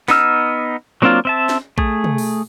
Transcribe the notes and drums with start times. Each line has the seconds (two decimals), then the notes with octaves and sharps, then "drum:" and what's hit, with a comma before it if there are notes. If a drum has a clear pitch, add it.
0.08 B3 D#4 E6 F6, drum: snare
1.02 F#3 A#3 C4 D4 F4
1.25 C4 E5 A5
1.49 drum: snare
1.78 A3 G#4, drum: kick A#1
2.04 drum: tom
2.18 drum: open hi-hat